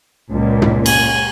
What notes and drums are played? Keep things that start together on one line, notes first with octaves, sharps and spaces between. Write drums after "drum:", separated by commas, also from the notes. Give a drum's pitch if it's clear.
C#2 A#2
drum: tom
G#5, drum: cymbal